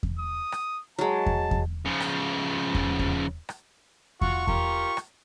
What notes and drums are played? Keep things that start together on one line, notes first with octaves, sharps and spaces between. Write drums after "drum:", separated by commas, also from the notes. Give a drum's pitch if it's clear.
drum: kick E2
D#6
drum: rim click
F#3 G#3 A5
drum: kick E2
drum: kick E2
C#3 F3
drum: rim click
drum: kick E2
drum: kick E2
drum: rim click
F4 F#4 C#6, drum: kick E2
F4 G4 A#4, drum: kick E2
drum: rim click